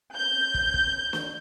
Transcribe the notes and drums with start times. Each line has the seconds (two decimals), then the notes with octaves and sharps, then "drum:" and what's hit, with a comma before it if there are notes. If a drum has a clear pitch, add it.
0.15 G6
0.54 drum: kick
0.74 drum: kick
1.13 drum: snare